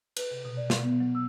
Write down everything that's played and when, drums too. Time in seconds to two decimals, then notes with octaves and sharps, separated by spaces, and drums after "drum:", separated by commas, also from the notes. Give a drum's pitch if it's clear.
0.17 B4, drum: cymbal
0.31 C3
0.45 B2
0.57 D5
0.70 B2, drum: snare
0.83 B3
1.00 F#3
1.15 E6